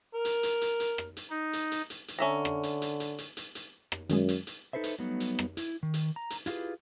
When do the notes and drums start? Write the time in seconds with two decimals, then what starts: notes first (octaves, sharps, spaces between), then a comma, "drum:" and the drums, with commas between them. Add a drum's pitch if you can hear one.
0.14 A#4
0.25 drum: hi-hat
0.43 drum: hi-hat
0.62 drum: hi-hat
0.80 drum: hi-hat
0.98 drum: rim click
1.17 drum: hi-hat
1.30 D#4
1.53 drum: hi-hat
1.72 drum: hi-hat
1.90 drum: hi-hat
2.08 drum: hi-hat
2.19 D3 C#4 E5 A#5
2.45 drum: rim click
2.63 drum: hi-hat
2.82 drum: hi-hat
3.00 drum: hi-hat
3.18 drum: hi-hat
3.37 drum: hi-hat
3.55 drum: hi-hat
3.92 drum: rim click
4.09 F#2 D#3 G#3, drum: hi-hat
4.29 drum: hi-hat
4.47 drum: hi-hat
4.73 D#4 A4 B4 C5 E5
4.84 drum: hi-hat
4.99 F#3 G3 A3 B3 D#4
5.20 drum: hi-hat
5.39 drum: rim click
5.57 E4, drum: hi-hat
5.83 D#3
5.94 drum: hi-hat
6.16 A#5
6.30 drum: hi-hat
6.46 E4 F4 G4 G#4 B4, drum: hi-hat